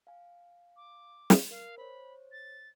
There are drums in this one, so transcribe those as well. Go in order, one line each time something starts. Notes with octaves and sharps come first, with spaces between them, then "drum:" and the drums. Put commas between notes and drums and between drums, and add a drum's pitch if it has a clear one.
F5 G#5
D6
drum: snare
A#4 F5
C5 C#5 B5
A6